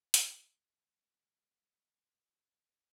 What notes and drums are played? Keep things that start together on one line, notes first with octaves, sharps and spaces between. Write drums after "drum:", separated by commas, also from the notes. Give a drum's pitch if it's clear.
C#3 G#3, drum: hi-hat